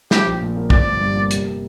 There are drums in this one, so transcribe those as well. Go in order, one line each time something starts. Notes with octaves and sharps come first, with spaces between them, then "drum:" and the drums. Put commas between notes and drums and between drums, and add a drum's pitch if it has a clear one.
F3 G4, drum: snare
A#1
A#2
A#3
F3 D5, drum: kick
G1
G2
A#3
C3, drum: hi-hat